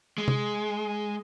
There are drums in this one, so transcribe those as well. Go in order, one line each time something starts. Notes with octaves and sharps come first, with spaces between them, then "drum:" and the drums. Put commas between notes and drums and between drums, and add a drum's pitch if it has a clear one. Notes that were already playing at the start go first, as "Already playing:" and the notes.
G#3
drum: tom C3